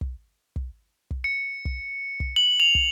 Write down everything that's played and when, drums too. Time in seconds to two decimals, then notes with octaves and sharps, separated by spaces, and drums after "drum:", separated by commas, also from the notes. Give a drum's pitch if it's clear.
0.01 drum: kick
0.56 drum: kick
1.11 drum: kick
1.24 C#7
1.65 drum: kick
2.20 drum: kick
2.36 F#7
2.60 F7
2.75 drum: kick